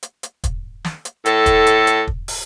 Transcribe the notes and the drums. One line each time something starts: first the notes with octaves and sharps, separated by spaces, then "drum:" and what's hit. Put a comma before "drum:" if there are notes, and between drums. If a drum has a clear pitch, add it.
drum: hi-hat
drum: hi-hat
drum: kick, hi-hat
drum: snare
drum: hi-hat
A2 A4, drum: hi-hat
drum: kick, hi-hat
drum: hi-hat
drum: hi-hat
drum: kick
drum: open hi-hat